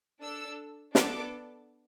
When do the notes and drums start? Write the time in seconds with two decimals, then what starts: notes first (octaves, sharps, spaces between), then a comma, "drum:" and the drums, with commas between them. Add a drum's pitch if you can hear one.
0.22 D4 A4 E6
0.95 B3 D4 A4 D6, drum: snare